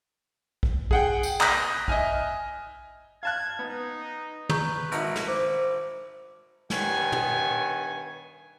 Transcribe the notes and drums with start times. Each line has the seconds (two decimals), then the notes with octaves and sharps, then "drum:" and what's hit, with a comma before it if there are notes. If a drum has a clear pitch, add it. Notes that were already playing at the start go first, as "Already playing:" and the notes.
0.63 drum: kick A#1
0.91 G#4 F#5 G5, drum: kick A#1
1.23 drum: tambourine
1.41 A#5 D#6 F#6 G6 A#6 B6, drum: clap
1.88 D#5 E5 G#5 F6, drum: kick A#1
3.23 F5 A5 F#6 G#6
3.59 B3 D#4
4.49 B4 A#5 C#6 G6, drum: tom
4.92 G#1 D#4 E4, drum: hi-hat
5.16 drum: snare
5.28 C5 D6
6.70 G2 D#3 B3 C#5 G#5, drum: snare
7.12 drum: tom